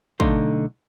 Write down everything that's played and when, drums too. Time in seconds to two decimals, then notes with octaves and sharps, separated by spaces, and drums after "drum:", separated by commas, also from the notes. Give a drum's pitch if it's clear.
0.20 B1 D3 A3 D#4 F5 C6, drum: kick